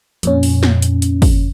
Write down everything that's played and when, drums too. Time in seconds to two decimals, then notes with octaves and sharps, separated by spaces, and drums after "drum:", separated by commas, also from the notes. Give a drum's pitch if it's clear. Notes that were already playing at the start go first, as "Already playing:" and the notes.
0.23 F2 A#2 C#4, drum: hi-hat
0.43 drum: open hi-hat
0.63 drum: snare
0.82 drum: hi-hat
1.02 drum: hi-hat
1.22 drum: kick, open hi-hat